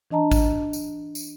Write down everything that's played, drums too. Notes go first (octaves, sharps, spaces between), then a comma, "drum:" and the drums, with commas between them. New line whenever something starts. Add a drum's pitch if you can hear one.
E3 D4 D#5 A5 A#5
drum: kick, tambourine
drum: tambourine
drum: tambourine